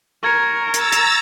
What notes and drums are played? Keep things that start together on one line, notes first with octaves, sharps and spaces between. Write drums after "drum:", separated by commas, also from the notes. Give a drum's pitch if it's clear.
A#4 C#6 G#6 C#7
A#5 E6 A6, drum: hi-hat
drum: hi-hat